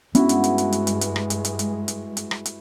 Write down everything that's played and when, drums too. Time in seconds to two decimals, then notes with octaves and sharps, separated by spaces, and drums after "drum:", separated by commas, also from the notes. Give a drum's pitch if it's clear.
0.15 G2 G#3 B3 C#4 D4 E4 F#4, drum: hi-hat
0.29 drum: hi-hat
0.44 drum: hi-hat
0.58 drum: hi-hat
0.72 drum: hi-hat
0.87 drum: hi-hat
1.01 drum: hi-hat
1.16 drum: rim click
1.30 drum: hi-hat
1.45 drum: hi-hat
1.59 drum: hi-hat
1.88 drum: hi-hat
2.17 drum: hi-hat
2.31 drum: rim click
2.45 drum: hi-hat